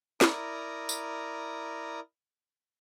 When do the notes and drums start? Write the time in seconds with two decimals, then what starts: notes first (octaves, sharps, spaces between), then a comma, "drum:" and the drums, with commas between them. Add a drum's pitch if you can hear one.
0.21 E4 A#4 D5 A#5 D#6, drum: snare
0.89 drum: tambourine